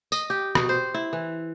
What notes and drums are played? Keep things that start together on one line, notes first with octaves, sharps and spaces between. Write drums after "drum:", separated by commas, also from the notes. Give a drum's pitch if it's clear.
D#5, drum: tambourine
G4
B2, drum: rim click
C5
E4
E3